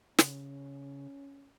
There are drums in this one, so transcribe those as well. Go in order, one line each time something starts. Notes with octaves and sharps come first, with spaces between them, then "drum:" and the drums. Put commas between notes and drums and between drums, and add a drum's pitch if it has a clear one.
C#3 C#4, drum: snare